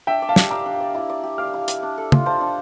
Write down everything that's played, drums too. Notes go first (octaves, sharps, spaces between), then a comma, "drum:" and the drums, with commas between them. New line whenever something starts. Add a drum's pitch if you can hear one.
D4 E5 G5
D5
F5 A5
G4, drum: snare
F5 A#5 D6
D4
D5
E4
D5
G4
F5 D6 F6
E4
D5, drum: hi-hat
D4
A4
F4, drum: tom
C5 F5 A5
D4